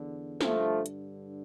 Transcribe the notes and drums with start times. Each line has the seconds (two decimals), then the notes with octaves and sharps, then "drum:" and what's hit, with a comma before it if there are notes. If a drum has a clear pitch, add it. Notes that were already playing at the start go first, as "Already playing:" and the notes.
Already playing: E2 D3
0.41 G2 D3 F3 A3, drum: snare
0.86 drum: hi-hat